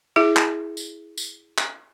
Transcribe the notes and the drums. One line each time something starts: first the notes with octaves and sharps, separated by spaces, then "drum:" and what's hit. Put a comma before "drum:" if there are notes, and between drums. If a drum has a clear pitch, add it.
E4 G#4 E5
drum: clap
drum: tambourine
drum: tambourine
drum: clap